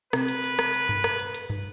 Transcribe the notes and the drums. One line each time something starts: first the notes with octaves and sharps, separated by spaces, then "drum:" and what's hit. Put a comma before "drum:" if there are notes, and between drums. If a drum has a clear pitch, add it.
C3 B4, drum: rim click
drum: hi-hat
drum: hi-hat
drum: rim click
drum: hi-hat
drum: tom G2
drum: rim click
drum: hi-hat
drum: hi-hat
drum: tom G2